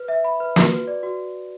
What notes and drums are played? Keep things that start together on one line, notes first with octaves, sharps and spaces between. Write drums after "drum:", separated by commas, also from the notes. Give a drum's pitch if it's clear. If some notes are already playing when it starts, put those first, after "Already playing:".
Already playing: B4
E5
B5
B4
F#4, drum: snare
B4
D5
F#4